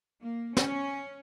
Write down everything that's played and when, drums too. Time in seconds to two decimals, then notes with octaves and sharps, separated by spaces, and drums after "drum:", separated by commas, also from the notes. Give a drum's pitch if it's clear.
0.22 A#3
0.57 C#4, drum: snare